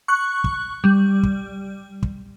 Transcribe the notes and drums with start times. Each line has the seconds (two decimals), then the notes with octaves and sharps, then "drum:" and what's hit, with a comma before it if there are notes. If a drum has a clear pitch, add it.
0.08 C#6 F#6
0.44 drum: kick
0.84 G3
1.23 drum: kick
2.03 drum: kick